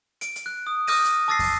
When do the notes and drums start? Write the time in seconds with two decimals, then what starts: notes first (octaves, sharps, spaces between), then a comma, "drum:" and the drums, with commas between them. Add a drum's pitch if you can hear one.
0.21 D7, drum: hi-hat
0.36 drum: hi-hat
0.46 F#6
0.67 D#6
0.87 D6 D#6 F6 G6 A#6 D#7, drum: open hi-hat
1.05 drum: hi-hat
1.28 A5 D6 E6 A6 A#6 C7
1.39 drum: kick, open hi-hat